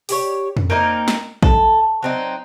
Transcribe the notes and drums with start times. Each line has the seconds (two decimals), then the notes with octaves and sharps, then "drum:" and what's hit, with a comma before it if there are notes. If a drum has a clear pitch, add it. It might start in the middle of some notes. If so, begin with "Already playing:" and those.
0.09 G4 G#4 C#5, drum: open hi-hat
0.57 drum: tom F2
0.70 A#3 C4 D#4 A#4
1.08 drum: snare
1.43 A4, drum: kick A1
2.03 F#3 C4 D#4